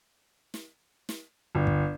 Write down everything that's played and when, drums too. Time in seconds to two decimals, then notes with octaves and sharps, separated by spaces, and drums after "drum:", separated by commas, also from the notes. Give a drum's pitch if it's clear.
0.54 drum: snare
1.09 drum: snare
1.55 G1
1.67 drum: kick